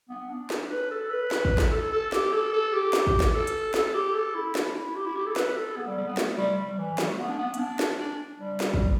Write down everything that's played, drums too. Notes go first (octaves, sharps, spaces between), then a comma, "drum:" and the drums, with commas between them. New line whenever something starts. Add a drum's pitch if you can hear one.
B3
D4
D4, drum: snare
B4
A4
B4
drum: snare
drum: kick
drum: snare
A4
A4
G4, drum: snare
A4
A4
G4
drum: snare
drum: kick
drum: snare
A4
drum: hi-hat
A4, drum: snare
G4
A4
E4
D4, drum: snare
E4
G4
E4
G4
A4
B4, drum: snare
A4
B3
G3
G3
B3
A3, drum: snare
G3
G3
E3
G3, drum: snare
A3
B3
D4
B3
B3, drum: hi-hat
D4
D4, drum: snare
D4
G3
drum: snare
drum: kick